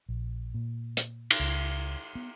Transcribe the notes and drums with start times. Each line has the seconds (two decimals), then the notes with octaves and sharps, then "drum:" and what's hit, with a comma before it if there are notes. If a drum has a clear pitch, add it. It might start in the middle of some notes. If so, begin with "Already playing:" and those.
0.09 A#1
0.54 A#2
0.97 drum: hi-hat
1.31 drum: cymbal
1.40 C#2
2.15 B3